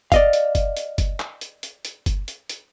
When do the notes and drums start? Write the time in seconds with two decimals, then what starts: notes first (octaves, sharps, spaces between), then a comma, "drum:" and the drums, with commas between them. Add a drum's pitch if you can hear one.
0.12 D5 D#5 F5, drum: kick F#1, hi-hat
0.33 drum: hi-hat
0.55 drum: kick F#1, hi-hat
0.77 drum: hi-hat
0.98 drum: kick F#1, hi-hat
1.20 drum: clap
1.41 drum: hi-hat
1.63 drum: hi-hat
1.85 drum: hi-hat
2.06 drum: kick F#1, hi-hat
2.28 drum: hi-hat
2.49 drum: hi-hat